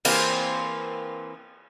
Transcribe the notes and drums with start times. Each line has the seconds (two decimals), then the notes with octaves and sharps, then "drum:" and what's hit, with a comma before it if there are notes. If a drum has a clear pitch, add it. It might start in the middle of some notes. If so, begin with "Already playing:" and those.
0.05 E3 A#3 C4 C5, drum: cymbal